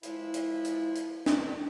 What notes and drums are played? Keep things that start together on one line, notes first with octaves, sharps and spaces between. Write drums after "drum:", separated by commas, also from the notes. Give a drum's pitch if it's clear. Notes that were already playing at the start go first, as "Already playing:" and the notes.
E3 F3 G#3 E4, drum: hi-hat
drum: hi-hat
drum: hi-hat
drum: hi-hat
drum: snare